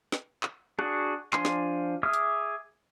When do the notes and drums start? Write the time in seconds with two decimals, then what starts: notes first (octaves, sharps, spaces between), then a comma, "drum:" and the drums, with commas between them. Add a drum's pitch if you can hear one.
0.12 drum: snare
0.43 drum: clap
0.79 D4 F#4 G#4, drum: rim click
1.33 F3 D4 G#5 C6, drum: clap
1.45 drum: snare
2.03 G#4 E5 D6 D#6 F6
2.13 drum: hi-hat